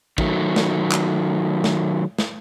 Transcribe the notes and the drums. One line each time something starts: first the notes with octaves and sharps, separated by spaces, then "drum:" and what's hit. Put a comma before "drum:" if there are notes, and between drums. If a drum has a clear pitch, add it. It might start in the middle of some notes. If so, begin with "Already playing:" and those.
D#3 F#3 A3, drum: kick
drum: snare
drum: clap
drum: snare
drum: snare